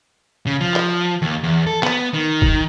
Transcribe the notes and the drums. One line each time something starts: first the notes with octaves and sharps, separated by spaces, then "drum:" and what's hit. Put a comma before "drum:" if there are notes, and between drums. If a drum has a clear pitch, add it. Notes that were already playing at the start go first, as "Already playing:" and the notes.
C#3
F3
drum: clap
D#2
E2
A4
B3, drum: clap
D#3
drum: kick